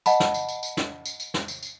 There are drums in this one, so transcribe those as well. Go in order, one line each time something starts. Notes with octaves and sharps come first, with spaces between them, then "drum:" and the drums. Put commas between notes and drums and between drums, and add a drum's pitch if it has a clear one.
D#5 F#5 A5 B5, drum: tambourine
drum: snare
drum: tambourine
drum: tambourine
drum: tambourine
drum: snare
drum: tambourine
drum: tambourine
drum: snare
drum: tambourine
drum: tambourine